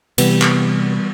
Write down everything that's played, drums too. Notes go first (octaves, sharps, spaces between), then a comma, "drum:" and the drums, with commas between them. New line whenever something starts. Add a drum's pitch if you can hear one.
C3 E3 G3 B3, drum: cymbal
drum: clap